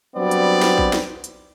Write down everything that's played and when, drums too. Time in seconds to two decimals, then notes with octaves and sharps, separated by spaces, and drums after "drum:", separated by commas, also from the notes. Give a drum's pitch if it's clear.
0.16 F#3 G3 B3 C4 D4 D5
0.31 drum: hi-hat
0.62 drum: snare
0.78 drum: kick
0.93 drum: snare
1.24 drum: hi-hat